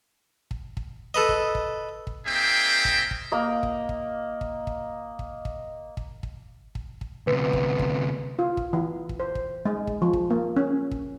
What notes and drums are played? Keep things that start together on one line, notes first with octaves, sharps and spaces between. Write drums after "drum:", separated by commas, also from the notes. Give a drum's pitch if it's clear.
drum: kick
drum: kick
A4 B4 D#5
drum: kick
drum: kick
drum: kick
A#3 C4 D#4 G#4 E5 G5
drum: kick
drum: kick
A#3 D#5
drum: kick
drum: kick
drum: kick
drum: kick
drum: kick
drum: kick
drum: kick
drum: kick
drum: kick
drum: kick
D2 C3 B4
drum: kick
drum: kick
F4
drum: kick
E3
drum: kick
C5
drum: kick
G#3
drum: kick
F3
drum: kick
A#3
C#4
drum: kick